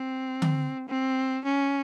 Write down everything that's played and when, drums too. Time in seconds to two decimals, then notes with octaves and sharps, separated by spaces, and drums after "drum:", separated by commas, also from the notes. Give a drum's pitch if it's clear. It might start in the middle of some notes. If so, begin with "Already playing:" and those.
Already playing: C4
0.42 drum: tom D3
0.89 C4
1.44 C#4